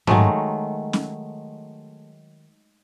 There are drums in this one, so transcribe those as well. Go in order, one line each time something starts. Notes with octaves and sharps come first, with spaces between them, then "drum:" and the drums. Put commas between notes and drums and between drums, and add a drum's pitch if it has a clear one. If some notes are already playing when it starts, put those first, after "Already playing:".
D#3 F#3 G#3 A3, drum: tom G#2
drum: snare